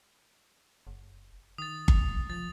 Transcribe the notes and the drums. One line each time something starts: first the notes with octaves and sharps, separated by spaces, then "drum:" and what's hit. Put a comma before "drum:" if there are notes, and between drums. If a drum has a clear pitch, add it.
F#1
D#3 D#6 A6
drum: kick G1
D1
F3 A6